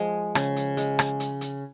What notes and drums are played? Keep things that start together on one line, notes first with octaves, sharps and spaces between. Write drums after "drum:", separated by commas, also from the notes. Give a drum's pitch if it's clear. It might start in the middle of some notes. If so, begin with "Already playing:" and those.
Already playing: F3 G#3
C#3, drum: rim click
drum: hi-hat
G#3, drum: hi-hat
drum: rim click
drum: hi-hat
drum: hi-hat